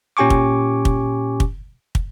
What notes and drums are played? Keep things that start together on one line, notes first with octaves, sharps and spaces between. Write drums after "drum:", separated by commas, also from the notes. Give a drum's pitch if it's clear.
A#2 C#4 G4 G#5 C#6 D6
drum: kick
drum: kick
drum: kick
drum: kick